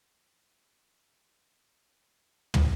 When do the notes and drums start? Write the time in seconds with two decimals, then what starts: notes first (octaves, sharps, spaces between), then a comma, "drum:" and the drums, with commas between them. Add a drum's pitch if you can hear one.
0.09 C4 F#4 A4
2.54 drum: tom